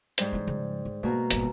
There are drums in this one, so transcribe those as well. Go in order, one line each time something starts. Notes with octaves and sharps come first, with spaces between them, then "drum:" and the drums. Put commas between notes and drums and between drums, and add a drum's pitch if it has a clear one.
G#2 G3 C5, drum: hi-hat
E3 C#4
C#3 F3
D3
B2 A3 A#3 A#5
G1 A#2, drum: hi-hat